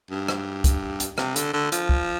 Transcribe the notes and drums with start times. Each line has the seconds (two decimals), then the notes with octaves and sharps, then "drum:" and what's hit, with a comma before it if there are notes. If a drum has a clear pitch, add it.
0.11 G2
0.28 drum: rim click
0.64 drum: kick, hi-hat
1.00 drum: hi-hat
1.18 C3, drum: rim click
1.36 D3, drum: hi-hat
1.53 D3
1.72 F3, drum: hi-hat
1.89 drum: kick